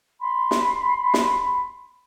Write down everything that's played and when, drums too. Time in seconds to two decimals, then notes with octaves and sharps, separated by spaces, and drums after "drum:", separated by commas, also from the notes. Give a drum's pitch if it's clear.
0.20 B5 C6
0.51 drum: snare
1.14 drum: snare